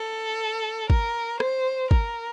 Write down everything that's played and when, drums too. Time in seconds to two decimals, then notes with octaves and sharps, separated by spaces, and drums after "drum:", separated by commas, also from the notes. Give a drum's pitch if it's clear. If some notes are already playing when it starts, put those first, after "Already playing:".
Already playing: A4
0.90 A#4, drum: kick
1.40 C5, drum: rim click
1.91 A#4, drum: kick